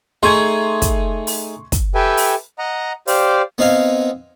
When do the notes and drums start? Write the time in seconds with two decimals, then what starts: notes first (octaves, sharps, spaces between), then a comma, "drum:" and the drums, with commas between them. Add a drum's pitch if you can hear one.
0.23 A3 D#4 G#4 C6 C#6 G#6
0.82 drum: kick, hi-hat
1.27 drum: open hi-hat
1.72 drum: kick, hi-hat
1.95 G4 A4 B4 E5 G5 G#5
2.17 drum: open hi-hat
2.59 D#5 F#5 A#5
3.07 G4 C5 D5 F5, drum: open hi-hat
3.58 B3 C4 D#4 F5 G#5